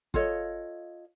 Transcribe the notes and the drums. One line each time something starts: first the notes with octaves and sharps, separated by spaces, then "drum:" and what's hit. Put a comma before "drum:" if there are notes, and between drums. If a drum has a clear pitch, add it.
F4 A4 C#5 D#5, drum: kick